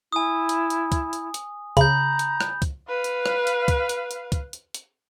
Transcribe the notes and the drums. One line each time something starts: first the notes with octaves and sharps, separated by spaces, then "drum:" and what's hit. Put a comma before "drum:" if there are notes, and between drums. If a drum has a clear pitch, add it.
E4 G#5 D#6
drum: hi-hat
drum: hi-hat
drum: kick, hi-hat
drum: hi-hat
drum: hi-hat
C#3 A#5 B5 G6, drum: kick, hi-hat
drum: hi-hat
drum: rim click
drum: kick, hi-hat
B4 F5
drum: hi-hat
drum: rim click
drum: hi-hat
drum: kick, hi-hat
drum: hi-hat
drum: hi-hat
drum: kick, hi-hat
drum: hi-hat
drum: hi-hat